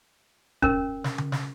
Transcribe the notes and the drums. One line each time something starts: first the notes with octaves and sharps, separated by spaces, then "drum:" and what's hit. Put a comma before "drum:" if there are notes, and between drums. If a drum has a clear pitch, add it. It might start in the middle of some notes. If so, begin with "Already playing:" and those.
C#4 A#4, drum: kick
drum: snare
drum: tom C#3
drum: snare